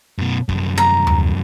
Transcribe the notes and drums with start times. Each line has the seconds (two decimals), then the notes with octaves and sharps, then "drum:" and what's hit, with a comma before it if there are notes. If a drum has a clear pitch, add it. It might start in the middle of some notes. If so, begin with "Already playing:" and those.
0.18 F#2 B2
0.49 C2 F#2, drum: kick
0.78 A#5
1.07 drum: tom D#2